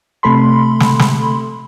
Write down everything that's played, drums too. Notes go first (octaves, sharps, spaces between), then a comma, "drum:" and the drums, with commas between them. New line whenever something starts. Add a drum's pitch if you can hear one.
C3 A3 A4 B5 C6
drum: snare
drum: snare